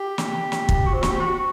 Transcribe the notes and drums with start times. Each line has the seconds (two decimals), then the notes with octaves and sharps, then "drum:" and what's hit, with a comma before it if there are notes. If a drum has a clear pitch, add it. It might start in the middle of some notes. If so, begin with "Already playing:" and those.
Already playing: G4
0.18 drum: snare
0.52 drum: snare
0.69 drum: kick
0.86 F#4
0.94 C4
1.03 F#4, drum: snare
1.11 G4
1.20 F#4